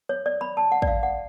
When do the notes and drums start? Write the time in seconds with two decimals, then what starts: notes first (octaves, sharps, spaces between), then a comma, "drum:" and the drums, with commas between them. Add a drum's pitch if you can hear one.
0.09 C#5
0.26 D5
0.41 B5
0.57 A5
0.72 F#5
0.82 D5, drum: kick
0.88 F5
1.03 F#5